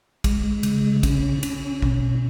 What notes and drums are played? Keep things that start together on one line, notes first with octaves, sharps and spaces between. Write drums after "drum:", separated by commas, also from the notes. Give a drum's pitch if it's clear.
G#3, drum: kick, cymbal
C#3, drum: cymbal
C#4, drum: kick, cymbal
C#4, drum: cymbal
B2, drum: kick